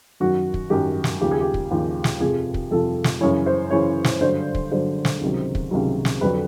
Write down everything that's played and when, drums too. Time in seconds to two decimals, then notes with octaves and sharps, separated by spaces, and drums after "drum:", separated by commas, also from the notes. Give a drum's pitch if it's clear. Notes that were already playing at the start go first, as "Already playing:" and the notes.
0.20 F#2 D#3 F#3 F#4
0.54 drum: kick
0.70 F#2 D#3 F#3 G4
1.04 drum: snare
1.21 D#2 C#3 F3 G4
1.31 G#4
1.41 G4
1.54 drum: kick
1.71 D#2 C#3 F3
2.04 drum: snare
2.20 F2 C3 F3 G#4
2.54 drum: kick
2.71 F2 C3 F3 A4
3.04 drum: snare
3.21 F#2 C#3 E3 C#5
3.46 C5
3.71 F#2 C#3 E3 C#5
4.05 drum: snare
4.21 G2 D3 F#3 C5
4.55 drum: kick
4.71 G2 D3 F#3 C5
5.05 drum: snare
5.21 C#2 C3 D#3 F#3
5.55 drum: kick
5.71 C#2 C3 D#3 F#3
6.05 drum: snare
6.21 F2 D3 F#3 B4